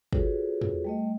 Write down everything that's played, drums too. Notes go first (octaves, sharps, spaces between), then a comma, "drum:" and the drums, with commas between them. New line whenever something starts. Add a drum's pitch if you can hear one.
F4 F#4 G#4 A4 B4 C#5, drum: kick
drum: tom E2
G3 A3 D#5